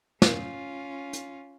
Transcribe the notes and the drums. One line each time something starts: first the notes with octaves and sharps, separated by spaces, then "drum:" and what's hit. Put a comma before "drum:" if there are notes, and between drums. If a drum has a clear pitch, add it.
C#4 F4, drum: snare
drum: hi-hat